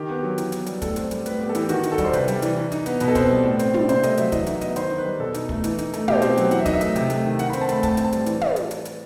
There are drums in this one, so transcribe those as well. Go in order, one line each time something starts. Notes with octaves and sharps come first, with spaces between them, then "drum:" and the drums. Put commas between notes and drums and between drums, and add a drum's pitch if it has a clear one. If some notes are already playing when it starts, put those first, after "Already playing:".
Already playing: D#3 G4
B3
F#3
E3, drum: hi-hat
B3, drum: hi-hat
G3, drum: hi-hat
A2 A4, drum: kick, hi-hat
C4, drum: hi-hat
G3, drum: hi-hat
A2 B4, drum: hi-hat
B3 G4
A4
E3 G4, drum: hi-hat
D#3 F#4, drum: hi-hat
D#4, drum: hi-hat
A4
G3, drum: kick, hi-hat
C5
C3 B4, drum: hi-hat
G3, drum: hi-hat
E3, drum: hi-hat
E3
D#4, drum: hi-hat
B3, drum: hi-hat
B2 B4, drum: hi-hat
A4
C4 B4, drum: kick, hi-hat
G3
A2
C4, drum: hi-hat
G3, drum: tom
C3 C5, drum: hi-hat
A3 D#5, drum: hi-hat
F#3 E5, drum: hi-hat
E3 D#5, drum: kick, hi-hat
D#4 E5, drum: hi-hat
B3 D#5, drum: hi-hat
D#3 C5, drum: hi-hat
D#4
B4
G3
B2 A4
D#4, drum: hi-hat
A3, drum: kick
E3, drum: hi-hat
D#4, drum: hi-hat
A3, drum: hi-hat
B2 G4, drum: tom
C4, drum: hi-hat
F#3, drum: hi-hat
E3 F#5, drum: hi-hat
E5
D#4 D#5, drum: kick, hi-hat
E5
A3, drum: hi-hat
C3, drum: hi-hat
A3, drum: hi-hat
D#3
D#3 F#5, drum: hi-hat
B5
C4, drum: hi-hat
A5
A3 B5, drum: hi-hat
A2 A5, drum: kick, hi-hat
C4, drum: hi-hat
A5
G3, drum: hi-hat
E3, drum: hi-hat
drum: tom
drum: hi-hat
drum: hi-hat
drum: hi-hat